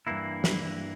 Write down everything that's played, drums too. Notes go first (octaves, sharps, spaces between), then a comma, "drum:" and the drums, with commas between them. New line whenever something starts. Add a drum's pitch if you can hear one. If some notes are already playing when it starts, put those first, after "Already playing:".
G2 E3 A#3 E4
drum: snare